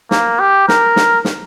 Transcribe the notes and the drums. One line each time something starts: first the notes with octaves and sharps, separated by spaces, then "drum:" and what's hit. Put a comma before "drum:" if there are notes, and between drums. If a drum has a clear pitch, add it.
A#3, drum: snare
G4
A#4, drum: snare
drum: snare
drum: snare